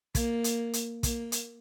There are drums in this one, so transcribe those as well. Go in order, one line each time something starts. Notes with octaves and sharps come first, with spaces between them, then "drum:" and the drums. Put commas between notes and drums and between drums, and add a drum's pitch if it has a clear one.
A#3, drum: kick, hi-hat
drum: hi-hat
drum: hi-hat
A#3, drum: kick, hi-hat
drum: hi-hat